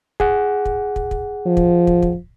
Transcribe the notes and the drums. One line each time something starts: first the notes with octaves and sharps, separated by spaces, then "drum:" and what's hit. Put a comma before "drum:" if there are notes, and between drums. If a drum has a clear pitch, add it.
G#4 F#5, drum: kick
drum: kick
drum: kick
drum: kick
F3
drum: kick
drum: kick
drum: kick